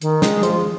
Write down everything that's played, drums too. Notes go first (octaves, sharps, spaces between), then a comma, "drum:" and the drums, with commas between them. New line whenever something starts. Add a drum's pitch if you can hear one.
D#3, drum: hi-hat
G#3, drum: snare
F3, drum: hi-hat